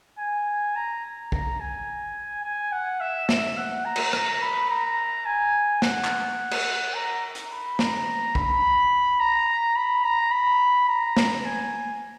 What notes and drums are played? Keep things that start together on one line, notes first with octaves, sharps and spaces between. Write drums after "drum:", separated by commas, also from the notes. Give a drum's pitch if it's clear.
G#5
A#5
A#5, drum: kick
G#5
G#5
F#5
E5
E5, drum: snare
F#5
A#5
drum: cymbal
A#5, drum: rim click
B5
A#5
G#5
F#5, drum: snare
drum: clap
drum: cymbal
A#5
drum: hi-hat
B5
A#5, drum: snare
B5, drum: kick
A#5
B5
A#5
B5
A#5
drum: snare
G#5